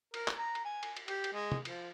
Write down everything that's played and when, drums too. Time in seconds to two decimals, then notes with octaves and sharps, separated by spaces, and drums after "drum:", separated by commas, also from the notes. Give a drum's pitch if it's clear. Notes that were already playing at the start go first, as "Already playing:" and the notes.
0.14 A#4, drum: cymbal
0.28 drum: clap
0.38 A#5
0.55 drum: cymbal
0.65 G#5
0.83 drum: cymbal
0.96 drum: cymbal
1.08 G4, drum: cymbal
1.24 drum: cymbal
1.33 G#3
1.52 drum: tom
1.65 F3, drum: cymbal